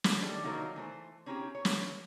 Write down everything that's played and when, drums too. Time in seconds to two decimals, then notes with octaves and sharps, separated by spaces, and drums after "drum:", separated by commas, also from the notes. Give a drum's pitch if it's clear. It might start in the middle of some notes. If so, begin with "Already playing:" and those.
0.04 drum: snare
0.22 D3 D#3 G3 A3 A4
0.44 D#3 F3 F#3 A#3 D#4
0.76 E3 A3 C5
1.26 C4 C#4 D#4 E4 F#4 G4
1.55 C#5
1.65 drum: snare